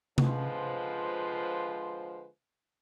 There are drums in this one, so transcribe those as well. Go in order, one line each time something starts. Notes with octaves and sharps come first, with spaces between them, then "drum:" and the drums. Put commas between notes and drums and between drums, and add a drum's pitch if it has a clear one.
D3 F3 G#3 F4 B4 C5, drum: tom C3